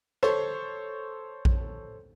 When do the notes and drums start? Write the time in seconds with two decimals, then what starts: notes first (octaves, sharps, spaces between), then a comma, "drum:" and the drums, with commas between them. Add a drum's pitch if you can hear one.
0.23 A4 C5 C#5, drum: rim click
1.45 drum: kick A#1